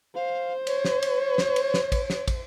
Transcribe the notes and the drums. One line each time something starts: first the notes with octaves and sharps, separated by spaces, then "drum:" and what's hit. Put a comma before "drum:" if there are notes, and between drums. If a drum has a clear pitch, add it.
C5 F5
C#5, drum: cymbal
drum: snare
drum: cymbal
drum: snare
drum: cymbal
drum: snare
drum: kick, cymbal
drum: snare
drum: kick, cymbal